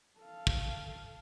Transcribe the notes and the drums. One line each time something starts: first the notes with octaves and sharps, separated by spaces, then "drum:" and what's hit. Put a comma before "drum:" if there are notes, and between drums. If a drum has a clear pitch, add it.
A4 F5
drum: kick